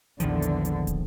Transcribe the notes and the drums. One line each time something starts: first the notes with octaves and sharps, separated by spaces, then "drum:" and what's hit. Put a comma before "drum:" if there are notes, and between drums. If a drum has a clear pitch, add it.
A#1 E2 D3 D#3 F3, drum: hi-hat
drum: hi-hat
drum: hi-hat
drum: kick, hi-hat